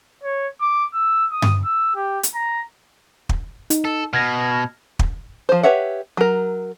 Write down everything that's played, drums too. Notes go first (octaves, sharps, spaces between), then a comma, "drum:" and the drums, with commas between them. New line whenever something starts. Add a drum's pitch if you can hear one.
C#5
D6
E6
D#6
drum: tom G2
E6
G4
drum: hi-hat
A#5
drum: kick
D#4, drum: hi-hat
A4
B2 F6 G#6 A#6
drum: kick
F3 C5
G4 B4 C#5 E5 F#5
F#3 A#4